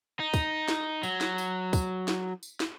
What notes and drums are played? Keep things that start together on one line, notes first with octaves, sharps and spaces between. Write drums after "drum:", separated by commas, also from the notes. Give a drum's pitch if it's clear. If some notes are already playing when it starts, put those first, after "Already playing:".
D#4
drum: kick, tambourine
drum: snare
F#3, drum: tambourine
drum: snare
drum: tambourine
drum: kick, tambourine
drum: snare
drum: tambourine
drum: snare